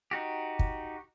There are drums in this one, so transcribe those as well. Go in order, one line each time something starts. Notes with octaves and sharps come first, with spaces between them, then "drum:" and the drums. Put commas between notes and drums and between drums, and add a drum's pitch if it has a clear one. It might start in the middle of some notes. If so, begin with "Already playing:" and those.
D#4 F#4 G4
drum: kick